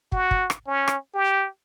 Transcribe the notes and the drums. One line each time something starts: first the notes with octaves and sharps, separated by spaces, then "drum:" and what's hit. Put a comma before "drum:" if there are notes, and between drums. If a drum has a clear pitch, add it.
F#4, drum: kick
drum: kick
drum: rim click
C#4
drum: rim click
G4